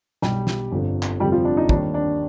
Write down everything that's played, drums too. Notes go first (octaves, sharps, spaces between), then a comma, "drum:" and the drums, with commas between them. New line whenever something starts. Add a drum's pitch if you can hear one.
B1 B2 G3 G4, drum: snare
drum: snare
G1 F2 D3 F3
drum: clap
F1 F2 D3 F3 G3 G4
F3 F4
D4
D#4
D#2 D#3 G3 D4, drum: kick
D4